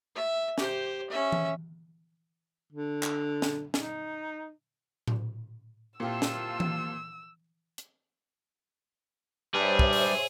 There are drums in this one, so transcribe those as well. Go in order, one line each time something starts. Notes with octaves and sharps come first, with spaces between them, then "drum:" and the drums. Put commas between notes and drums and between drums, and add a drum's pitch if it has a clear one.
E5
G4 C5, drum: snare
C#4 E5
drum: tom E3
D3
drum: clap
drum: snare
D#4, drum: snare
drum: tom A2
A#2 C4 E4 F4 G4 A5 E6
drum: snare
drum: tom E3
drum: hi-hat
G2 G3 G#4 C5 C#5 E5
drum: kick
drum: open hi-hat